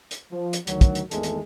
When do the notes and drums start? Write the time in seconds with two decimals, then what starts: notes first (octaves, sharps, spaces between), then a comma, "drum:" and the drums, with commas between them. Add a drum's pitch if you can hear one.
0.11 drum: hi-hat
0.31 F3
0.53 drum: hi-hat
0.67 D2 D#3 F#3, drum: hi-hat
0.81 drum: kick, hi-hat
0.95 drum: hi-hat
1.11 G#1 E2 D#3 G#3 A3 A4, drum: hi-hat
1.23 drum: hi-hat